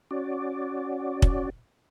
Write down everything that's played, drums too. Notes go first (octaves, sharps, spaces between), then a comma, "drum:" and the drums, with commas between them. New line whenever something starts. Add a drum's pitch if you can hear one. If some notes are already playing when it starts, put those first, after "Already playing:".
C#4 F#4 D5
drum: kick